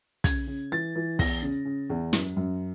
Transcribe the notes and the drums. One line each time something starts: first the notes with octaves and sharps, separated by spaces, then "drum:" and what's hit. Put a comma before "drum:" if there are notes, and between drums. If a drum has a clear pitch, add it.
C#3 G#6, drum: kick, hi-hat
C#3
E3 A6
E3
E2 A#6, drum: kick, open hi-hat
C#3
C#3
E2
F#2, drum: snare
F#2